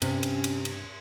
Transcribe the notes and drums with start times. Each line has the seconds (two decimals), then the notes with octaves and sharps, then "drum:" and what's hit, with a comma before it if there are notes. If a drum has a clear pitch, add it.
0.02 G2 C3 C#4, drum: cymbal
0.23 drum: cymbal
0.44 drum: cymbal
0.65 drum: cymbal